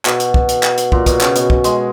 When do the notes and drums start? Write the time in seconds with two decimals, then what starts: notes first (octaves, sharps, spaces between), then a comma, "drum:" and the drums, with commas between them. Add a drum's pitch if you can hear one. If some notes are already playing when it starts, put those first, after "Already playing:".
0.05 B2, drum: clap
0.20 drum: hi-hat
0.34 drum: kick
0.49 drum: hi-hat
0.63 drum: clap
0.78 drum: hi-hat
0.92 A#2, drum: kick
1.06 B2, drum: kick, hi-hat
1.21 C#3, drum: clap
1.36 B2, drum: hi-hat
1.50 drum: kick
1.64 G#3, drum: hi-hat